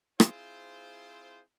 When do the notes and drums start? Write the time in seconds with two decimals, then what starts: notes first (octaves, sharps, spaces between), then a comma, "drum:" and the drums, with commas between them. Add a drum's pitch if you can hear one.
0.20 C4 E4 F4 G#4 C5, drum: rim click